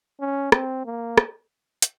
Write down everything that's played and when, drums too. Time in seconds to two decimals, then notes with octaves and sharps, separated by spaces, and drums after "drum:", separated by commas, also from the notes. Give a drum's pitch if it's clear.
0.20 C#4
0.52 C4, drum: rim click
0.86 A#3
1.18 drum: rim click
1.82 drum: hi-hat